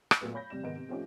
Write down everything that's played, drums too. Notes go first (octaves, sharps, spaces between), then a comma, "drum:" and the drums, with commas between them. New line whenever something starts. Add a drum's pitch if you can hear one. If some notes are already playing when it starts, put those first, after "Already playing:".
drum: rim click
A#2 F#3 A3 B3
C#5 B5 G6 A#6
F2 C3 G3 D5 E7
G#2 D#3 G#3 B3 B4 D7
C3
F3 A3 C4 C#4 D#4 G4